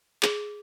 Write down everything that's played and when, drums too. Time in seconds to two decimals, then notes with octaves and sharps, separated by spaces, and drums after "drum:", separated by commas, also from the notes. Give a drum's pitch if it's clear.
0.23 G#4, drum: clap